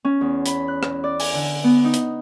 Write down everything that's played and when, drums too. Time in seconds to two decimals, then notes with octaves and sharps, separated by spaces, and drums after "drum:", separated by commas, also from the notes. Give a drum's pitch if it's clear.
0.05 C#4
0.21 E2
0.46 B5, drum: hi-hat
0.68 F#6
0.83 drum: rim click
1.04 D5
1.20 G#5, drum: open hi-hat
1.34 D3
1.64 B3
1.84 D#4
1.94 drum: hi-hat